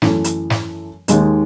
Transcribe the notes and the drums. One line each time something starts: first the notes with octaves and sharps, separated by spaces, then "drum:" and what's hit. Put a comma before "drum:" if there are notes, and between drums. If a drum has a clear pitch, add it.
F#2 E3 A3, drum: snare
drum: hi-hat
drum: snare
D#2 D#3 G#3 D#4, drum: hi-hat